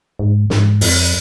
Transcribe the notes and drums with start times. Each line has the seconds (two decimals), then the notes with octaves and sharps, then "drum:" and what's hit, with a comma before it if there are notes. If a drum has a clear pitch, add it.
0.19 G#2
0.50 G#2, drum: snare
0.81 F2, drum: open hi-hat